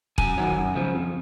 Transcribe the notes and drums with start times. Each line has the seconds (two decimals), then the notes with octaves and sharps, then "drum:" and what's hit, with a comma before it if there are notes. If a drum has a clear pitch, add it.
0.18 F#2 G#5, drum: kick E1
0.37 D#3 F#3
0.56 F#2
0.75 C#3 F3
0.95 F2